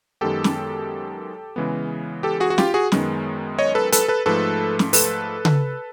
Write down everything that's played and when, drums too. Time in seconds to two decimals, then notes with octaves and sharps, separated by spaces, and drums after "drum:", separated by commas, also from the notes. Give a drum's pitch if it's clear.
0.21 F#2 D#3 G#3 B3 G4 A4
0.44 drum: snare
1.56 C#3 E3 G#3 B3
2.23 G4 A4
2.40 F#4 G#4
2.50 F#4
2.58 F4 G4, drum: snare
2.74 F#4 G#4
2.92 F#2 D#3 G#3 B3, drum: snare
3.59 C#5 D#5
3.75 A4 B4
3.92 A4 B4, drum: hi-hat
4.08 A4 B4
4.26 G#2 F3 A3 A4 B4
4.79 drum: snare
4.93 A4 B4, drum: open hi-hat
5.45 drum: tom C#3